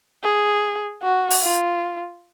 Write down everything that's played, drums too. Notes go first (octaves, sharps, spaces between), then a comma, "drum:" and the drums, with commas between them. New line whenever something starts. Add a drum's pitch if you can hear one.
G#4
F#4
drum: open hi-hat
F4